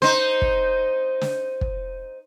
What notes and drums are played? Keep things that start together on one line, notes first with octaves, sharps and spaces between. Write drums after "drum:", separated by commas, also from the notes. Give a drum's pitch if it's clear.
D#4 C5, drum: snare
drum: kick
drum: snare
drum: kick